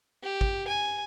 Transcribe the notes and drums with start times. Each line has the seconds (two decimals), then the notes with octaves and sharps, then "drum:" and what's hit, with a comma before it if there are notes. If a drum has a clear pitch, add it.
0.23 G4
0.41 drum: kick
0.67 G#5